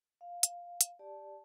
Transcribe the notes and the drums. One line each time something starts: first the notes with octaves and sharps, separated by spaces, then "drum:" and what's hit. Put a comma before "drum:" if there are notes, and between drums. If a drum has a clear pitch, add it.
F5
drum: hi-hat
drum: hi-hat
G4 D5 A5